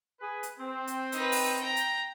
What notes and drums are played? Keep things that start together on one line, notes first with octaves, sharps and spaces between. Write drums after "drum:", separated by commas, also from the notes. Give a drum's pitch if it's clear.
G#4 B4
drum: hi-hat
C4
drum: hi-hat
D#4 B4, drum: hi-hat
drum: open hi-hat
G5 A#5
drum: hi-hat